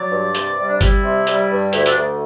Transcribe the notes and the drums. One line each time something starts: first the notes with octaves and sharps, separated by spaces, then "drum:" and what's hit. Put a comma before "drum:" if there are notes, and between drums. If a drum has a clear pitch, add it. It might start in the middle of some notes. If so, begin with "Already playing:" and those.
Already playing: F#3 D5
G2
C3, drum: hi-hat
G3
D4
G3 E4, drum: kick G1, hi-hat
C3
G3, drum: hi-hat
G2
D2 E4, drum: hi-hat
D4, drum: hi-hat
D2